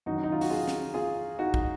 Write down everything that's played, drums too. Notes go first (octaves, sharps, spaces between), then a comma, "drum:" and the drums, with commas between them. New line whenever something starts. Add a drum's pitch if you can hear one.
F#2 D#3 D#4 F#4
D#4
F4
F#4, drum: open hi-hat
F4 G#4
drum: snare
F4 G#4
D#4 F#4
drum: kick